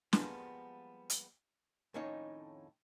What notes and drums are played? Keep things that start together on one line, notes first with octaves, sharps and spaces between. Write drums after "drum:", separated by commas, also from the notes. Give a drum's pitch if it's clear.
F3 G3 G#3 A#3 B3, drum: snare
drum: hi-hat
F2 A2 D#3 C#4 D#4 C#5